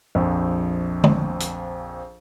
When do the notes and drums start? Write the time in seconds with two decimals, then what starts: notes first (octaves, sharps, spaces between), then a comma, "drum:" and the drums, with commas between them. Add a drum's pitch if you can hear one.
0.15 A#1 F2
1.04 drum: tom D3
1.40 drum: hi-hat